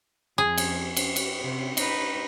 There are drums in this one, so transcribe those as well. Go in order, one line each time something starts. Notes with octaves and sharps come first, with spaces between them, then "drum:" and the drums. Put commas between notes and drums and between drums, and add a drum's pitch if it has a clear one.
F2 G#4
drum: cymbal
drum: cymbal
drum: cymbal
C3
D#4 B4, drum: cymbal